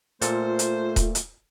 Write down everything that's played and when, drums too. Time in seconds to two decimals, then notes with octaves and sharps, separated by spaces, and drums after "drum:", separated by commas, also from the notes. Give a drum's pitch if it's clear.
0.22 A#2 A3 F4 A4 C5, drum: hi-hat
0.59 drum: hi-hat
0.96 drum: kick D#1, hi-hat
1.15 drum: hi-hat